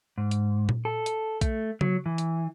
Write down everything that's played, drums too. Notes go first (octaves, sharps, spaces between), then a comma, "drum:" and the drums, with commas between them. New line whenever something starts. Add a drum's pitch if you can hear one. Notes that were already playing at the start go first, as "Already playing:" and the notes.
G#2
drum: hi-hat
drum: tom A#2
A4
drum: hi-hat
A3, drum: kick A#1, hi-hat
F#3, drum: tom C#3
E3
drum: hi-hat